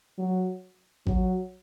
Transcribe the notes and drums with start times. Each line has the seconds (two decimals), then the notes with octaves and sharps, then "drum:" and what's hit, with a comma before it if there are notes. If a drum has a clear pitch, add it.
0.19 F#3
1.07 F#3, drum: kick A1